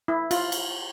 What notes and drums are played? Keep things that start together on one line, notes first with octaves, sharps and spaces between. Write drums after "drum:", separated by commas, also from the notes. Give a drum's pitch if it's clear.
E4
F4, drum: cymbal
drum: cymbal